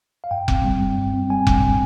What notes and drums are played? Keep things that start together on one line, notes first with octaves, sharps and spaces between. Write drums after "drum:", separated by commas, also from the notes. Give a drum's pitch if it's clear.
F5
G2 G5
C4, drum: kick F1
G3
G2
G2
C4
G3 G#5
G2, drum: kick F1